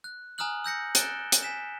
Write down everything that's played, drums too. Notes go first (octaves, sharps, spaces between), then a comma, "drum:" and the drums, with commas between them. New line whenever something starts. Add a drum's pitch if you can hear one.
F#6
G#5 A#5 D#6 F6 F#6 F#7
E6 G6 A#6 C#7
F#6 A6 C#7 D7 E7 G7, drum: hi-hat
drum: hi-hat
G#5 B6 E7